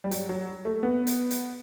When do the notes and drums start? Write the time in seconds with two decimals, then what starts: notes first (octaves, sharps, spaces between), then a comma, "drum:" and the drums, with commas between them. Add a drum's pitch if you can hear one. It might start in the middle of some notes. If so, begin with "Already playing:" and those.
0.04 G3
0.11 F#3, drum: hi-hat
0.29 F#3
0.65 A3
0.83 B3
1.07 drum: hi-hat
1.31 drum: hi-hat